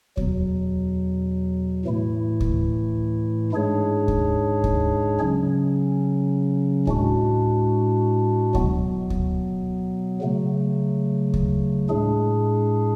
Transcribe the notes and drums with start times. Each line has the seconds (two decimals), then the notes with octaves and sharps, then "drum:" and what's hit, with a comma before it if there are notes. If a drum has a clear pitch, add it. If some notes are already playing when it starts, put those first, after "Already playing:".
0.17 E2 B2 F#3, drum: kick D2
1.85 A2 E3 A3 E4
2.40 drum: kick D2
3.52 G#2 G#3 D4 G#4 C#5
4.08 drum: kick D2
4.64 drum: kick D2
5.19 C#3 F#3 C#4
6.87 A2 G#3 D4 F#4, drum: kick D2
8.54 B2 F#3 B3, drum: kick D2
9.10 drum: kick D2
10.22 C#3 F#3 A3
11.33 drum: kick D2
11.89 A2 G#3 D4 G#4